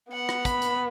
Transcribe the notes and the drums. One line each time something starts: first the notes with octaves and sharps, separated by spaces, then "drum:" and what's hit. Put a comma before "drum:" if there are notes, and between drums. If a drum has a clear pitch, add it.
B3 F#5
drum: rim click
B5, drum: kick, hi-hat
drum: hi-hat